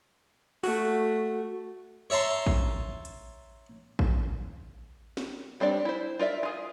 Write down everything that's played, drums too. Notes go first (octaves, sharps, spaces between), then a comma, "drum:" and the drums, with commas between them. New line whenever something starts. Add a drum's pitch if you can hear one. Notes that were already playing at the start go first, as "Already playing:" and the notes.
A3 F#4, drum: open hi-hat
C#5 E5 A5 A#5 C6
drum: kick A1
drum: hi-hat
drum: kick A1
drum: snare
G3 C4 D4 D5
E4 C5
F4 A#4 D5 E5
F4 G#4